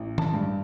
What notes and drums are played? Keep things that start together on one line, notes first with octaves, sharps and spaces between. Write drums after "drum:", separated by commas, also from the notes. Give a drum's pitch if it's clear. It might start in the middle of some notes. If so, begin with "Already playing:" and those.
Already playing: A1
A5, drum: tom D#3
G2